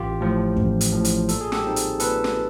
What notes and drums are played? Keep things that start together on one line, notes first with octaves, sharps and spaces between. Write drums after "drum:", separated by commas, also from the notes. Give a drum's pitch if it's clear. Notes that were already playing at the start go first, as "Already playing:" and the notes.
Already playing: A1 F4 G4
A2 F3
A1, drum: kick
drum: hi-hat
A2 F3
drum: hi-hat
A#2 A4, drum: hi-hat
G#4
G4 A4, drum: snare
G3 C4 D#4
drum: hi-hat
A#2 A4 B4, drum: hi-hat
drum: snare